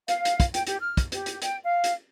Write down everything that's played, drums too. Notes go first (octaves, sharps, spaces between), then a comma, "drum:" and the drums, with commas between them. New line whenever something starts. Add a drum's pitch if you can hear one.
F5, drum: hi-hat
drum: hi-hat
drum: kick, hi-hat
G5, drum: hi-hat
G4, drum: hi-hat
F6
drum: kick, hi-hat
G4, drum: hi-hat
drum: hi-hat
G5, drum: hi-hat
F5
drum: hi-hat